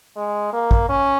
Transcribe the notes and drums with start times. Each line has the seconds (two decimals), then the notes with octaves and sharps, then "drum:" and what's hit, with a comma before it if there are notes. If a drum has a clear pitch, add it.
0.17 G#3
0.53 A#3
0.71 drum: kick
0.89 C#4